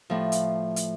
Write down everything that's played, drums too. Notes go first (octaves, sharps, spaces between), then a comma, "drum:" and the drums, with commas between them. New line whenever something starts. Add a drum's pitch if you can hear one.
A2 F3
drum: hi-hat
drum: hi-hat